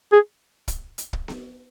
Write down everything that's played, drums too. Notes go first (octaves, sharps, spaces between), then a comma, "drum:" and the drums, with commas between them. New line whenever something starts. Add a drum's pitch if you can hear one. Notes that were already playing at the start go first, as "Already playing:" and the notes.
G#4
drum: kick, hi-hat
drum: hi-hat
drum: kick
drum: snare B3